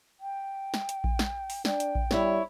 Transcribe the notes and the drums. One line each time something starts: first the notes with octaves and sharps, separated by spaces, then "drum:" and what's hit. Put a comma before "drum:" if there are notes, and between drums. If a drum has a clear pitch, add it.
G5
drum: snare
drum: hi-hat
drum: kick A#1
drum: snare
drum: open hi-hat
D4 G5, drum: snare
drum: hi-hat
drum: kick A#1
G3 E4 C#5, drum: snare